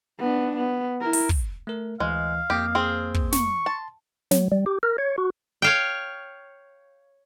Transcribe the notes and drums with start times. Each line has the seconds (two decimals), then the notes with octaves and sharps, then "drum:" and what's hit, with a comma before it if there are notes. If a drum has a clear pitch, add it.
0.19 B3 D4
0.57 B3
1.01 E4 A#4
1.13 drum: open hi-hat
1.29 drum: kick
1.67 A3 A#4
2.00 D2 E3 G#3 D#5 F5
2.50 F2 A#3 G4 D#6
2.75 C4 G#4
3.14 drum: kick
3.32 C#6, drum: snare
3.66 A5 C6
4.31 F#3, drum: snare
4.52 G3
4.66 G4
4.83 A#4
4.98 C#5
5.18 F#4
5.62 C#5 F5 G5